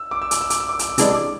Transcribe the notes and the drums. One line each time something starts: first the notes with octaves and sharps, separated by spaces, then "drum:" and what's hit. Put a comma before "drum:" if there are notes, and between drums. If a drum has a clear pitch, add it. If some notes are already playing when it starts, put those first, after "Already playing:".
Already playing: E6
D6
E6
D6, drum: hi-hat
E6
D6, drum: hi-hat
E6
D6
E6, drum: hi-hat
D6
C3 E3 G#3 D4 E6, drum: hi-hat
D6